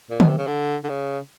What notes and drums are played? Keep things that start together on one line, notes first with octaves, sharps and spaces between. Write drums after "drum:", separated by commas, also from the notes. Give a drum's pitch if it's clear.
A#2
B2, drum: tom D3
C3
C#3
D3
D3
C#3